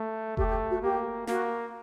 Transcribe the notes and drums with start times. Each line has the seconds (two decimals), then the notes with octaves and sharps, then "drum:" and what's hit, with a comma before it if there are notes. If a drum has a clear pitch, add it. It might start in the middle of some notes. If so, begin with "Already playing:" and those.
Already playing: A3
0.37 A3 G4, drum: kick F1
0.48 G4
0.70 F#4
0.82 A#3 G4
1.27 A#3 F#4, drum: snare